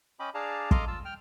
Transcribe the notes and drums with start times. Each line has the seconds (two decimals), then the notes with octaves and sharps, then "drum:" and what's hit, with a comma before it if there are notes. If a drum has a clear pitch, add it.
0.20 C#4 D#5 G5 B5 D6
0.34 D4 G#4 D5 F5 A5 A#5
0.71 A4 D#5 F5 A#5 C6 D6, drum: kick
0.88 F4 A5 E6
1.05 G5 F6